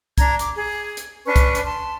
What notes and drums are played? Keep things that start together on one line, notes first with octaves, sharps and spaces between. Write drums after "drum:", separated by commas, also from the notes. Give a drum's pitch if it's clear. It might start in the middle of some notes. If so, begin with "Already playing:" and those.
D4 A#5 G#6, drum: kick C2, hi-hat
D6, drum: hi-hat
G#4
drum: hi-hat
C#4 D4 B4 C#6
drum: kick C2, hi-hat
drum: hi-hat
A5 C6